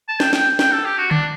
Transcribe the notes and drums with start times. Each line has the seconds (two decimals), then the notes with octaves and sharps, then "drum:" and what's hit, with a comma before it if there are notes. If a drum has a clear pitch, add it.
0.09 A5
0.20 G5, drum: snare
0.33 G5, drum: snare
0.59 G5, drum: snare
0.72 A4
0.85 G4
0.98 F#4
1.11 D4, drum: tom D3